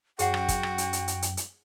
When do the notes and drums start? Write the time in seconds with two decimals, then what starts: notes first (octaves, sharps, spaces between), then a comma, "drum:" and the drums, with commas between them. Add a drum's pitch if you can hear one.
0.19 F#2 F#4 G#4 C#5 F#5 G5, drum: hi-hat
0.34 drum: rim click
0.48 drum: kick, hi-hat
0.63 drum: rim click
0.78 drum: hi-hat
0.93 drum: hi-hat
1.08 drum: hi-hat
1.22 drum: hi-hat
1.37 drum: hi-hat